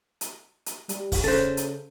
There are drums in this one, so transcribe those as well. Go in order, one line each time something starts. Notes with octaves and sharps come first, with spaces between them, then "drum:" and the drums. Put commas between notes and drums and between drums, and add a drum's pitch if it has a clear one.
drum: hi-hat
drum: hi-hat
G3, drum: hi-hat
drum: kick, open hi-hat
C#3 A4 C5
drum: hi-hat